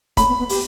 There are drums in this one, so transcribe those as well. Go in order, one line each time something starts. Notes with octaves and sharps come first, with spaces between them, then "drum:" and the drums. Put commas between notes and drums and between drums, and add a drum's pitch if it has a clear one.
A3 B5, drum: kick, hi-hat
B3
B3
G4, drum: open hi-hat